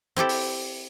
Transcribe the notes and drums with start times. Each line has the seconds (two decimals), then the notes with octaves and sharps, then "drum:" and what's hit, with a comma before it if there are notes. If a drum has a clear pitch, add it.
0.17 C4 E4 G4 A4
0.29 drum: open hi-hat